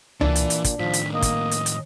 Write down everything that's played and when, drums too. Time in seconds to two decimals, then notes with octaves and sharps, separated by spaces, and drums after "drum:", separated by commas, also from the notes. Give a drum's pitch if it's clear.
0.21 A#2 E3 D4, drum: tom C#2
0.36 drum: hi-hat
0.50 drum: hi-hat
0.64 drum: kick, hi-hat
0.79 A2 D#3 F3 B6
0.93 drum: hi-hat
1.13 A#3 D#5
1.22 drum: kick, hi-hat
1.51 drum: hi-hat
1.66 drum: hi-hat